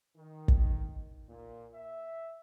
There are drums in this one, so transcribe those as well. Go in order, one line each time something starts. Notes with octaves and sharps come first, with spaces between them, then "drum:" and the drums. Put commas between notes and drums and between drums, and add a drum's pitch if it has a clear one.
D#3
drum: kick
A#2
E5